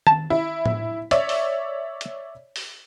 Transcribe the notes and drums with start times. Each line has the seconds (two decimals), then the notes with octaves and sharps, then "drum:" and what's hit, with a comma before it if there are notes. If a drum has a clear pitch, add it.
0.07 A5, drum: tom D#3
0.30 E4
0.66 drum: tom A2
1.11 C#5 D5 E5, drum: hi-hat
1.29 drum: open hi-hat
2.01 drum: hi-hat
2.56 drum: open hi-hat